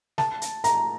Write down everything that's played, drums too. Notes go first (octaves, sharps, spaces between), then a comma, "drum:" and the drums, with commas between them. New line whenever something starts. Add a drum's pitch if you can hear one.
A5, drum: snare
drum: hi-hat
A#5, drum: hi-hat